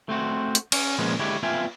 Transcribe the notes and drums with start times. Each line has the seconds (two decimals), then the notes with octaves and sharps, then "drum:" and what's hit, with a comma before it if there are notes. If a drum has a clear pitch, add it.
0.09 A3 C4 F#4
0.55 drum: hi-hat
0.72 C#4, drum: cymbal
0.99 A#2 F3 G#3 B3 C#4
1.19 D3 G#3 E4 G4 C#5
1.43 B3 F4 E5 F5 G5 G#5